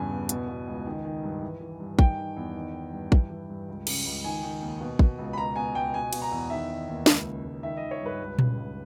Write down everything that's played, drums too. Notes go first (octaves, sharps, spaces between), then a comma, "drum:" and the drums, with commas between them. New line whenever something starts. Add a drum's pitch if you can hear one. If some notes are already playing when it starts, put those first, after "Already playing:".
Already playing: E2 G2 C#3 G#5
E2
B2, drum: hi-hat
B2
C#2
D#3
D#3
G2
E3
E3
G2
D#3 G5, drum: kick
D#3
E2
D#3
D#3
G2
E3, drum: kick
E3
G2
C#2
C#3, drum: cymbal
C#2
D#3 G#5
D#3
D#2
B2
B2, drum: kick
C#2
B5
B2 A#5
B2 G#5
C#2 G5
B2 G#5
B2, drum: cymbal
A#5
E2
D#3 E5
D#3
D#2
C#2, drum: snare
C#3
C#2
D#3 E5
D#3 D#5
C#5
G2 B4
C#2
C#3, drum: tom A#2
C#2